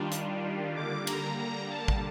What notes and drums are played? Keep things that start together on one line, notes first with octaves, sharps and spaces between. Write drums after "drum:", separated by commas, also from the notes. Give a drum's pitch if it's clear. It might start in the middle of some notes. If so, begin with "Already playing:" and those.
Already playing: D#3 G3 D4 F4
drum: hi-hat
D3 G3 A#3 D6
A#5, drum: cymbal
A#5
A5
drum: kick